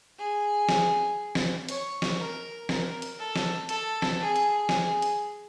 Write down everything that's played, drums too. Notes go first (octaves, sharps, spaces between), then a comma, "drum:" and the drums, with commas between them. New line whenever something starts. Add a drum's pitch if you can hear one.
G#4
drum: snare
drum: snare
C#5, drum: hi-hat
drum: snare
A#4
A#4, drum: snare
drum: hi-hat
A4
drum: snare
A4, drum: hi-hat
drum: snare
G#4
drum: hi-hat
G#4, drum: snare
drum: hi-hat